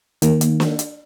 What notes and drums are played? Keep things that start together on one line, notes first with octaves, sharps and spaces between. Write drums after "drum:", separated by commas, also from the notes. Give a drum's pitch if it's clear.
D#3 A#3, drum: hi-hat
drum: hi-hat
drum: snare
drum: hi-hat